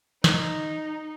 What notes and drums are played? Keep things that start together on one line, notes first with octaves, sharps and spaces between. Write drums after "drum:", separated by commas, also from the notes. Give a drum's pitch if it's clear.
D#4, drum: snare